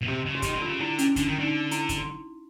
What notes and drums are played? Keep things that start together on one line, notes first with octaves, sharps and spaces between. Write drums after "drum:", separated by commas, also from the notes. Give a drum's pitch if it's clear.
B2
C3 G4
C#3
F#4
D#3 G4, drum: kick F#1, hi-hat
F#4
D3
C#3 F4
D3 E4
C#4, drum: hi-hat
D3 D4, drum: kick F#1, hi-hat
D#3
D3 D#4
E4, drum: hi-hat
drum: kick F#1, hi-hat
F#4